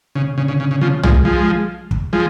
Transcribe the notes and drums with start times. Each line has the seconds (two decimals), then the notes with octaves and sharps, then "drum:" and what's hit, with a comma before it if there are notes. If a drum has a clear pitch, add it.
0.15 C#3
0.38 C#3
0.48 C#3
0.60 C#3
0.71 C#3
0.81 C#3 F3
1.03 F3 G#3, drum: tom
1.25 F3 G#3
1.91 drum: kick
2.13 F3 G#3